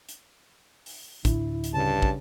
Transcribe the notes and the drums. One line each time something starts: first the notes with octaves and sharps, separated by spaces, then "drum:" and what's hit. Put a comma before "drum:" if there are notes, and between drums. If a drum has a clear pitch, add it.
drum: hi-hat
drum: open hi-hat
D2 A2 D4 E4, drum: kick, hi-hat
drum: hi-hat
G2 C#3 A5
drum: kick